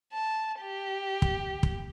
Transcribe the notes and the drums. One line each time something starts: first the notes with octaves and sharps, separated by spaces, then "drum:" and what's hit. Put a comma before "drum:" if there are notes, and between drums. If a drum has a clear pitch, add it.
A5
G4
drum: kick
drum: kick